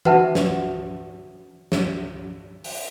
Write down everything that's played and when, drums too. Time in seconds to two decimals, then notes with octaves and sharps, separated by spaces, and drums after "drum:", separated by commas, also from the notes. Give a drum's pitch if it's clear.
0.05 F#4 B4 E5 F#5 A5, drum: tom E3
0.35 drum: snare
1.72 drum: snare
2.64 drum: open hi-hat